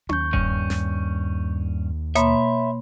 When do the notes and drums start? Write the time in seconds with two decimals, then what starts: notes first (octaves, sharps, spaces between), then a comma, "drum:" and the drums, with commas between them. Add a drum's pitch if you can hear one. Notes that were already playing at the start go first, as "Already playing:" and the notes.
0.09 D#2 C#6 G6, drum: tom C#4
0.33 G2 C#4, drum: kick E1
0.70 drum: snare
2.15 B2 A#3 C#5 E5 B5 C6, drum: hi-hat